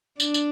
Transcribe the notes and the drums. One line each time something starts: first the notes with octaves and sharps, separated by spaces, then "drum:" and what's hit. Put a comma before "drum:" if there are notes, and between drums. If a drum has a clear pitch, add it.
D4, drum: tambourine
drum: tambourine